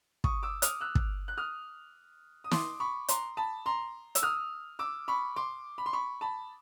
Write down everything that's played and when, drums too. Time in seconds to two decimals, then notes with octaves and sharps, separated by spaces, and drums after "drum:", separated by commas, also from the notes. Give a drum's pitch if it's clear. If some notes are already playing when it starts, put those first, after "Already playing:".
0.24 C#6 D#6, drum: kick
0.43 D6 E6
0.62 D#6 F6, drum: hi-hat
0.81 E6 F#6
0.95 drum: kick
1.28 F#6
1.37 D#6 F6
2.44 D#6
2.51 C6 D6, drum: snare
2.80 B5 C#6
3.08 A#5 C6, drum: hi-hat
3.37 A5 B5
3.66 A#5 C6
4.15 E6, drum: hi-hat
4.22 D#6 F6
4.79 D6 E6
5.08 B5 C#6
5.36 C6 D6
5.78 B5
5.86 C6
5.93 B5 C#6
6.21 A5 B5